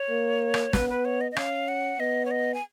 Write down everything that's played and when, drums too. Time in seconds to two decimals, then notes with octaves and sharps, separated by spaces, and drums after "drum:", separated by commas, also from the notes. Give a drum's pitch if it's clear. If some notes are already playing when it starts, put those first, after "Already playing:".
Already playing: C#5
0.10 A#3
0.54 drum: rim click
0.73 B3 B4, drum: snare
0.90 B4
1.05 C#5
1.21 D#5
1.32 D#5
1.36 C#4 F5, drum: rim click
1.68 F#5
2.00 B3 D#5
2.25 C#5
2.31 D#5
2.54 G#5